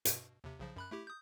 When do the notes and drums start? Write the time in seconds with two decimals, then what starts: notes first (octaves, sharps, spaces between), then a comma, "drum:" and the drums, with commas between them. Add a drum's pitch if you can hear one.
0.05 G2 B2, drum: hi-hat
0.44 D#2 C3
0.60 B1 C#3 F3
0.76 F#2 B5 F#6
0.91 A3 E4 G4
1.07 D#6 G6